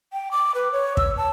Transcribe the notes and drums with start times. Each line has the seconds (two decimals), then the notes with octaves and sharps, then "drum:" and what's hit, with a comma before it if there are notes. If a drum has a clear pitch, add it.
0.13 G5
0.31 D6
0.55 B4
0.72 C#5
0.97 E6, drum: kick
1.17 A5